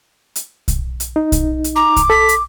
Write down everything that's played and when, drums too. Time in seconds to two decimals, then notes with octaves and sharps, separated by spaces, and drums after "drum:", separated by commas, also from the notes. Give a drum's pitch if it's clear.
0.36 drum: hi-hat
0.68 drum: kick, hi-hat
1.00 drum: hi-hat
1.16 D#4
1.32 drum: kick, hi-hat
1.64 drum: hi-hat
1.76 A#5 D6
1.96 drum: kick, hi-hat
2.10 A4 B6
2.29 drum: hi-hat